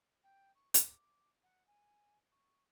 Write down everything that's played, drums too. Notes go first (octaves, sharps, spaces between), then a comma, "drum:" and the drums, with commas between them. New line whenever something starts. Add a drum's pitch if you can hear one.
G5
C#6
D6, drum: hi-hat
F#5
G#5
C#6